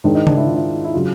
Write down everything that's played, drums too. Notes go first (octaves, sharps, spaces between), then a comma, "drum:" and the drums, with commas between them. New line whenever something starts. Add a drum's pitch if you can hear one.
G#2 D#3 G#3 D4
D#4
D4, drum: tom C#3
E4
F4
E4
E4
C#3 F#3 F4